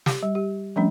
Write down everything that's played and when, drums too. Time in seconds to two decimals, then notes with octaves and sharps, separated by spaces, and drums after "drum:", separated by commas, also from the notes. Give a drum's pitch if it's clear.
0.06 G4, drum: snare
0.23 G3
0.35 G4
0.76 F3 G3 A3 C#4 D4